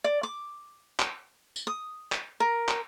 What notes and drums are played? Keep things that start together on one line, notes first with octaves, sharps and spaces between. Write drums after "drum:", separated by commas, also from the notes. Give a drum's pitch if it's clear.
D5
D6
drum: clap
drum: tambourine
D#6
drum: clap
A#4
drum: clap